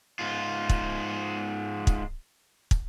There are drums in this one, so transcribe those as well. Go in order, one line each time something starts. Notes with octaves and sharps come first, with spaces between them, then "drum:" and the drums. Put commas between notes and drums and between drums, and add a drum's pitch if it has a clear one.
G#2 F4
drum: kick
drum: kick
drum: kick